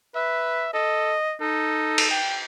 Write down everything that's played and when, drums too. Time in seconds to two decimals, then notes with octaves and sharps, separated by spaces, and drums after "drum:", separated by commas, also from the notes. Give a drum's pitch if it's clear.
0.15 B4 E5
0.74 A4 D#5
1.41 D#4 A4
1.98 drum: cymbal
2.11 G5